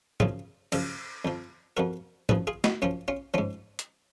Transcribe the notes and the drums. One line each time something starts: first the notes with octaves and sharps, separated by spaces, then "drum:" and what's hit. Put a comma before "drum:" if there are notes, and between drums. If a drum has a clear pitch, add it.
F#2 C#3 F3 F4 G#4, drum: tom G#2
F#2 C#3 F3, drum: cymbal
F2 F3
F2 F3 F#4 A#4
F#2 F3 G#4 B4, drum: tom G#2
F4 G#4
D#4 F#4, drum: snare
F#2 F3 C#4 F4
C#4 F4
G#2 F3 C#4 F4
drum: hi-hat